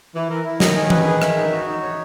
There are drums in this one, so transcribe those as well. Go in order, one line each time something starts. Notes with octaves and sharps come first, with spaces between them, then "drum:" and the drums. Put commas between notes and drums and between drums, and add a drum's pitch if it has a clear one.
E3 E4
E3 A#4
E4
D#3 D#5, drum: snare
G#5
B4, drum: tom E3
G#4
E5, drum: rim click
D#4
F#4
D#4
C#5